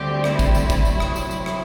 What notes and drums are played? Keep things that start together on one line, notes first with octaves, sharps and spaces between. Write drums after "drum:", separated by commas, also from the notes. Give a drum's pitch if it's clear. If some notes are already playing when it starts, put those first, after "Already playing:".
Already playing: D2 D3 G3 C4 G4
E4, drum: rim click
drum: kick, tambourine
drum: tambourine
drum: kick, tambourine
C3 F#3 C4, drum: tambourine
drum: rim click
drum: tambourine
drum: tambourine
drum: rim click